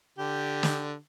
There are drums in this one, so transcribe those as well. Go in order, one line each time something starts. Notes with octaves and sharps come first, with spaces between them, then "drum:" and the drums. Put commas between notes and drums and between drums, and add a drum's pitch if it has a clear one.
D3 G4
drum: snare